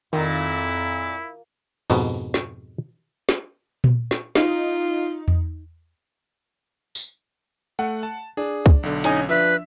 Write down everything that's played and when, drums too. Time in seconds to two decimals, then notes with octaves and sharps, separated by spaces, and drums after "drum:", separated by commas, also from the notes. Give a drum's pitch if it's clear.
0.13 F2 A#2 D#3 E4
1.90 F2 G#2 B2, drum: open hi-hat
2.34 drum: snare
3.29 drum: snare
3.84 drum: tom A#2
4.11 drum: snare
4.35 D#4 F4, drum: snare
5.28 drum: tom E2
6.95 drum: tambourine
7.79 A3 F#5
8.03 A5
8.37 D4 G#4
8.66 drum: kick
8.83 B1 D3
9.04 C#4 D#4 G#5, drum: hi-hat
9.29 F3 D4 B4 E5